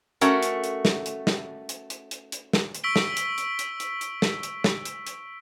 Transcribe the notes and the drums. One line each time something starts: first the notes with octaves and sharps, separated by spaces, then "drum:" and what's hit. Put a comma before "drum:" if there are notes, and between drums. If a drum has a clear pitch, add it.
A3 C#4 F#4 A4 A#4, drum: hi-hat
drum: hi-hat
drum: hi-hat
drum: snare
drum: hi-hat
drum: snare
drum: hi-hat
drum: hi-hat
drum: hi-hat
drum: hi-hat
drum: snare
drum: hi-hat
C#6 E6 B6 D7 G7
drum: snare
drum: hi-hat
drum: hi-hat
drum: hi-hat
drum: hi-hat
drum: hi-hat
drum: snare
drum: hi-hat
drum: snare
drum: hi-hat
drum: hi-hat